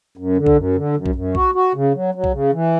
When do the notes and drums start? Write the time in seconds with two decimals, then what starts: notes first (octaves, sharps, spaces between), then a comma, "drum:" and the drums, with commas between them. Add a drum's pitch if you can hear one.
0.17 F#2
0.37 D3
0.47 drum: kick B1
0.57 F#2
0.76 D3
0.96 F#2
1.06 drum: kick B1
1.15 F#2
1.35 F#4, drum: kick B1
1.55 F#4
1.75 C#3
1.94 F#3
2.15 F#3
2.24 drum: kick B1
2.33 C#3
2.53 E3